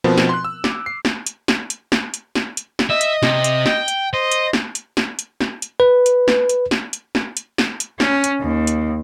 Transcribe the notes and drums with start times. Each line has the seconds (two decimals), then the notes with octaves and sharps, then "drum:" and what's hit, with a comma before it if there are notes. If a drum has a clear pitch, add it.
0.04 B2 F3 B3 C4 A#4 B4
0.18 drum: snare
0.29 C6 F#6
0.45 E6
0.64 D6, drum: snare
0.86 C7
1.05 drum: snare
1.27 drum: hi-hat
1.48 drum: snare
1.70 drum: hi-hat
1.92 drum: snare
2.14 drum: hi-hat
2.35 drum: snare
2.57 drum: hi-hat
2.79 drum: snare
2.90 D#5 E5
3.01 drum: hi-hat
3.23 C3, drum: snare
3.44 drum: hi-hat
3.66 G5, drum: snare
3.88 drum: hi-hat
4.14 C5 D#5
4.32 drum: hi-hat
4.53 drum: snare
4.75 drum: hi-hat
4.97 drum: snare
5.19 drum: hi-hat
5.41 drum: snare
5.62 drum: hi-hat
5.80 B4
6.06 drum: hi-hat
6.28 drum: snare
6.49 drum: hi-hat
6.71 drum: snare
6.93 drum: hi-hat
7.15 drum: snare
7.37 drum: hi-hat
7.58 drum: snare
7.80 drum: hi-hat
8.00 C#4, drum: snare
8.24 drum: hi-hat
8.41 D#2
8.67 drum: hi-hat